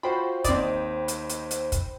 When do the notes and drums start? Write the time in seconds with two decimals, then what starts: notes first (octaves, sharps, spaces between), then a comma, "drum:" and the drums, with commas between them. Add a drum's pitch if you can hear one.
0.03 F4 F#4 C5 G5 B5
0.44 D#2 C4 D5 D#5 D#6, drum: kick, hi-hat
1.08 drum: hi-hat
1.30 drum: hi-hat
1.51 drum: hi-hat
1.72 drum: kick, hi-hat